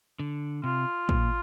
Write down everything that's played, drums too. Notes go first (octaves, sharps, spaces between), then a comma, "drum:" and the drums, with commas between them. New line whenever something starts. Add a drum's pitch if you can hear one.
D3
C3 F4
A#2, drum: kick